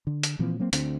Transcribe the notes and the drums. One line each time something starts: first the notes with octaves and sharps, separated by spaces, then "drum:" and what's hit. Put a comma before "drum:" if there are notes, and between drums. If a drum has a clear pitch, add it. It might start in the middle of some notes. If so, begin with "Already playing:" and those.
D3
drum: hi-hat
A#2 E3 F3 C4
F#3 A#3 C4
D2 D3 C4, drum: hi-hat